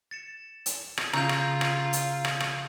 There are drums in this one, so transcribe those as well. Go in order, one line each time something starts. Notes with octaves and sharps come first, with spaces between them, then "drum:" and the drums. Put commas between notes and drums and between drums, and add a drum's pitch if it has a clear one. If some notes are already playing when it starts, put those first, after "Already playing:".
A6 C#7 E7
drum: hi-hat
drum: rim click
C#3 F4 A#5 E6 G6 F7, drum: rim click
drum: rim click
drum: rim click
drum: hi-hat
drum: rim click
drum: rim click